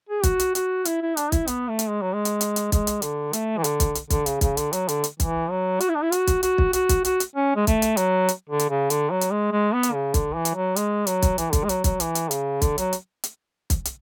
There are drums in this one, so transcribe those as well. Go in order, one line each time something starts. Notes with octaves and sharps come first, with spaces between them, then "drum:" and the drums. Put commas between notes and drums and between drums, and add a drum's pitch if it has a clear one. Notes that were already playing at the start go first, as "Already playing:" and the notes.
G#4
F#4, drum: kick, hi-hat
drum: hi-hat
F#4, drum: hi-hat
E4, drum: hi-hat
E4
D4, drum: hi-hat
E4, drum: kick, hi-hat
B3, drum: hi-hat
A3
drum: hi-hat
G#3
F#3
G#3
drum: hi-hat
drum: hi-hat
drum: hi-hat
G#3, drum: kick, hi-hat
drum: hi-hat
D3, drum: hi-hat
A3, drum: hi-hat
E3
D3, drum: hi-hat
drum: kick, hi-hat
drum: hi-hat
D3, drum: kick, hi-hat
C#3, drum: hi-hat
C#3, drum: kick, hi-hat
D3, drum: hi-hat
F#3, drum: hi-hat
D3, drum: hi-hat
drum: hi-hat
E3, drum: kick, hi-hat
F#3
F#4, drum: hi-hat
E4
D4
E4
F#4, drum: hi-hat
drum: kick, hi-hat
F#4, drum: hi-hat
drum: kick
F#4, drum: hi-hat
drum: kick, hi-hat
F#4, drum: hi-hat
drum: hi-hat
C#4
G#3
A3, drum: kick, hi-hat
drum: hi-hat
F#3, drum: hi-hat
drum: hi-hat
D3
drum: hi-hat
C#3
D3, drum: hi-hat
F#3
drum: hi-hat
G#3
G#3
B3
drum: hi-hat
C#3
D3, drum: kick, hi-hat
E3
drum: hi-hat
F#3
G#3, drum: hi-hat
F#3, drum: hi-hat
drum: kick, hi-hat
E3, drum: hi-hat
D3, drum: kick, hi-hat
G#3
F#3, drum: hi-hat
F#3, drum: kick, hi-hat
E3, drum: hi-hat
drum: hi-hat
C#3, drum: hi-hat
D3, drum: kick, hi-hat
F#3, drum: hi-hat
drum: hi-hat
drum: hi-hat
drum: kick, hi-hat
drum: hi-hat